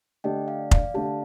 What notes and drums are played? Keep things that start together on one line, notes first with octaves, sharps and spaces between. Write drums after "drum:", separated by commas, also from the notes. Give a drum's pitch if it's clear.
D3 A3 D4 G4 D#5 G5
D5 F5
D5 F5, drum: kick F1
D3 A3 D4 G4 F5 A5